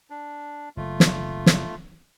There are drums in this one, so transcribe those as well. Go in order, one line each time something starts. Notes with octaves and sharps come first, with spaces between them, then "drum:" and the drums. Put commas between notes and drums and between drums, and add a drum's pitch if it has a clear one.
D4
F#1 A3 F4
drum: snare
drum: snare